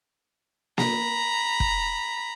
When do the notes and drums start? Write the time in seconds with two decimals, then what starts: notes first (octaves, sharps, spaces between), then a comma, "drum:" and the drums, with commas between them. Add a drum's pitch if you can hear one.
0.78 A#5 B5, drum: snare A#3
1.60 drum: kick